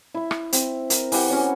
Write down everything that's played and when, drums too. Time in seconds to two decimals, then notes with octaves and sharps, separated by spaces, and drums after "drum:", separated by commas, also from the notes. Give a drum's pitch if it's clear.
0.14 E4 E5
0.31 drum: rim click
0.53 C4, drum: hi-hat
0.90 A#4, drum: hi-hat
1.12 E3 G4 F#5, drum: open hi-hat
1.30 C#4 F#4 C#5